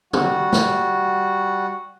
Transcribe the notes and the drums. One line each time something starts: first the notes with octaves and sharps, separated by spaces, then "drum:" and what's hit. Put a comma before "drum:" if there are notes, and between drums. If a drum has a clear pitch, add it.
G3 F#4 F#5, drum: tom
drum: snare